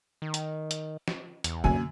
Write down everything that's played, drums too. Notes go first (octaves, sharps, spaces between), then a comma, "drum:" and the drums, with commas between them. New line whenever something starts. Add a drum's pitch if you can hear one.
D#3
drum: hi-hat
drum: hi-hat
drum: snare
E2, drum: hi-hat
F#2 D3 A#3 G#5